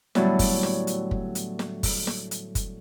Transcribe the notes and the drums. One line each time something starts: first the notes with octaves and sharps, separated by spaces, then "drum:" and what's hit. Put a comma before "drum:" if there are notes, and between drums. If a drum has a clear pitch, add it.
A2 D3 F#3 G3 B3 E4, drum: snare
drum: kick, open hi-hat
drum: snare
drum: hi-hat
drum: kick
drum: hi-hat
drum: snare
drum: kick, open hi-hat
drum: snare
drum: hi-hat
drum: kick, hi-hat